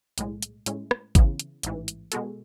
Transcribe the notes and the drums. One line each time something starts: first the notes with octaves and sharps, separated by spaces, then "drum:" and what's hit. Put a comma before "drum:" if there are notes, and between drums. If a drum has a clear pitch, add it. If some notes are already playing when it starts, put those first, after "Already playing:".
B1 A2 G#3, drum: hi-hat
drum: hi-hat
A2 G#3 C#4 E4, drum: hi-hat
drum: rim click
C#3 E3 B3 E4, drum: kick G#1, hi-hat
drum: hi-hat
A1 G#2 E3, drum: hi-hat
drum: hi-hat
B2 G#3 B3 F#4 A4, drum: hi-hat